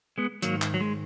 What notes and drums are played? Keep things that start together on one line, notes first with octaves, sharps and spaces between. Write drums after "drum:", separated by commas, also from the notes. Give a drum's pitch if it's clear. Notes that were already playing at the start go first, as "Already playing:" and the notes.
G#3 B3
G#2 D#3 F#3 A#3, drum: hi-hat
drum: clap
F#3
G#3